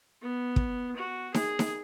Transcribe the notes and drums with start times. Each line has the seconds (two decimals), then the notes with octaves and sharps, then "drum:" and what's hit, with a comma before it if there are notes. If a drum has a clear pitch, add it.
0.22 B3
0.56 drum: kick
0.97 F#4
1.34 G#4, drum: snare D#4
1.59 drum: snare D#4